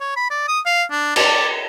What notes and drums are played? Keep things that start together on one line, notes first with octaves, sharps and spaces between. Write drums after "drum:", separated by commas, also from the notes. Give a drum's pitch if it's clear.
C#5
B5
D5
D#6
F5
D4
D5, drum: cymbal